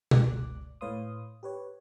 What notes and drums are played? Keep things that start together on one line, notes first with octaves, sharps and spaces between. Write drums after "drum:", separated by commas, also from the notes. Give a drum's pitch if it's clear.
G1 C#2 D5 D6 F#6, drum: tom
A2 B4 C#5 F5 C6 D#6
G4 B4 C#5